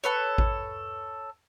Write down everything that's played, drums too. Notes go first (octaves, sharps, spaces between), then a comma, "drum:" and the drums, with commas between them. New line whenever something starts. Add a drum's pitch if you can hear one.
A4 B4 C#5
drum: kick A1